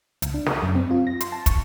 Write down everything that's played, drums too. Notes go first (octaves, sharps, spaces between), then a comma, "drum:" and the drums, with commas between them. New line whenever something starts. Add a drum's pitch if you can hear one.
C#2, drum: hi-hat
D4
D#6, drum: snare
F#2
C4
F4
A#6
C6, drum: hi-hat
A5
C#6, drum: kick, hi-hat